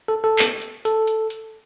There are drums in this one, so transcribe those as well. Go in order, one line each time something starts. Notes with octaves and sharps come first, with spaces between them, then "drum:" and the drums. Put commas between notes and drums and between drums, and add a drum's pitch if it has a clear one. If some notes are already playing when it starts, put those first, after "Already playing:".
A4
A4
drum: clap
drum: hi-hat
A4, drum: hi-hat
drum: hi-hat
drum: hi-hat